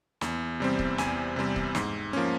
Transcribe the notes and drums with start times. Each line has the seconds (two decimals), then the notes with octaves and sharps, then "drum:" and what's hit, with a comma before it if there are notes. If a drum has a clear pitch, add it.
0.21 E2, drum: snare
0.60 C3 G3 C4
0.79 drum: kick
0.98 E2 G#5, drum: snare
1.36 C3 G3 C4
1.56 drum: kick
1.75 G#2, drum: snare
2.13 F3 A#3 C#4